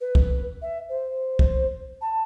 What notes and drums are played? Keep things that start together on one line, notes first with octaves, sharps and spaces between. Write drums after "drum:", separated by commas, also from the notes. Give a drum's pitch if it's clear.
B4
drum: kick
E5
C5
drum: kick
A5